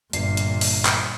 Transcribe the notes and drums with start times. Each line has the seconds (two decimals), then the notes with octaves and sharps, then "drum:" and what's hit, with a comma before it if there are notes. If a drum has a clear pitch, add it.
0.13 G1 A#2 D5 C7, drum: hi-hat
0.37 drum: hi-hat
0.61 drum: open hi-hat
0.85 drum: clap